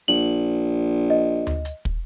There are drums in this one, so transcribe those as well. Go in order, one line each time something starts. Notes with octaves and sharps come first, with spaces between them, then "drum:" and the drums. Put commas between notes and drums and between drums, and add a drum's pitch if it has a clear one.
A#1 F#7
D#5
drum: tom D2
drum: hi-hat
drum: kick